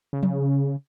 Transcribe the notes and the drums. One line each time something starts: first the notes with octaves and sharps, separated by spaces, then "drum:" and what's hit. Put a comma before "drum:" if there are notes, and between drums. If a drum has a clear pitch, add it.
C#3
drum: tom F3